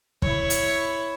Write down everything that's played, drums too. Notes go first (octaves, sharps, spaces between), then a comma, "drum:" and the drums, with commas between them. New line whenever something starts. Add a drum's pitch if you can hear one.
E4 C#5, drum: kick
drum: hi-hat